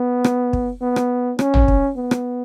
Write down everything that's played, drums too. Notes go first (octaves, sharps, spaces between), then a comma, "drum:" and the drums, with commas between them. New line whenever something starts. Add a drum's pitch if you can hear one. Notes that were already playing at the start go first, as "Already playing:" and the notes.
Already playing: B3
drum: rim click
drum: kick
B3
drum: rim click
C#4, drum: rim click
drum: tom
drum: kick
B3
drum: rim click